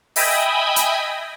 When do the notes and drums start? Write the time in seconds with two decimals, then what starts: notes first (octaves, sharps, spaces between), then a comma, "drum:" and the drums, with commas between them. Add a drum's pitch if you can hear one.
0.16 D#5 E5 G5 G#5 B5 D#6, drum: open hi-hat
0.76 drum: hi-hat